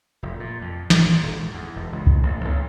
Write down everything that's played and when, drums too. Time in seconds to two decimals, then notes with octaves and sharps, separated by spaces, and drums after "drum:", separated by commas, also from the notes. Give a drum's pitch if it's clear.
0.23 F1
0.40 A#2
0.61 F2
0.90 G#1, drum: snare
1.04 A#2
1.23 D#1
1.36 G#2
1.54 E2
1.76 E1
1.92 C#2
2.07 drum: kick
2.23 A1
2.45 B1